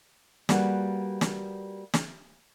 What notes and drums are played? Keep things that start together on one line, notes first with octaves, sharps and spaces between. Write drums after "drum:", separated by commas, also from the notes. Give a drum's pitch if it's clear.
G3 A#3 F#4 G#4 B4, drum: snare
drum: snare
drum: snare